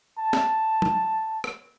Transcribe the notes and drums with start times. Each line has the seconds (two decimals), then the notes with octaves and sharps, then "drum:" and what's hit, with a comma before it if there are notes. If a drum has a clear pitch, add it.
0.18 A5
0.33 drum: snare
0.82 drum: tom F#3
1.44 drum: rim click